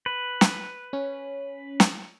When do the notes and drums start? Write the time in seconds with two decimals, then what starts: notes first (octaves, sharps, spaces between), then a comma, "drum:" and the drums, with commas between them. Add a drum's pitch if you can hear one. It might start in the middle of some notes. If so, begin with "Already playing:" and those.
0.06 B4
0.41 drum: snare
0.93 C#4
1.80 drum: snare